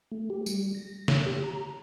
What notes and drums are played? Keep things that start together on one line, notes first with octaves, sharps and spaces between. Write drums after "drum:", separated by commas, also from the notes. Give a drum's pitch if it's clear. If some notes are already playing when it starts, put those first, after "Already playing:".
A3
G4
G3, drum: tambourine
A#6
C#5, drum: snare
G4
A#5